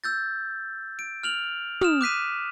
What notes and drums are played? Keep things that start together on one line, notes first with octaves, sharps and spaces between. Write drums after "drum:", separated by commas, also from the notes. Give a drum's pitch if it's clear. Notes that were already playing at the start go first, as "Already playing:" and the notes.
E6 G6 A6
D7
F6 F7 F#7
D#6 F6 E7, drum: tom
D6 F#6 B6 D#7